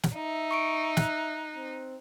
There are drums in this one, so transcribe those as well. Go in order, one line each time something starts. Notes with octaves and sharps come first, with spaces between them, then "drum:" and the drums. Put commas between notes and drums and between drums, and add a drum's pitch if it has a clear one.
drum: snare
D#4 E5
C#6 C#7 D7
F#6, drum: snare
C4